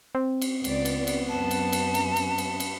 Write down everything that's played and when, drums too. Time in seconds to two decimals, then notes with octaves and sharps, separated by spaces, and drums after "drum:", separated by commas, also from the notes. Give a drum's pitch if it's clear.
0.15 C4
0.42 drum: cymbal
0.64 C#2 B3 D5, drum: cymbal
0.85 drum: cymbal
1.07 drum: cymbal
1.29 F#2 A5
1.51 drum: cymbal
1.72 drum: cymbal
1.94 drum: cymbal
2.16 drum: cymbal
2.38 drum: cymbal
2.60 drum: cymbal